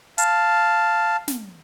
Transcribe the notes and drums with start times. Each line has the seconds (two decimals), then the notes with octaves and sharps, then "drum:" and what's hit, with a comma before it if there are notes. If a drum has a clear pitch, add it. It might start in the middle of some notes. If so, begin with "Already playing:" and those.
0.18 F5 A5, drum: hi-hat
1.28 drum: snare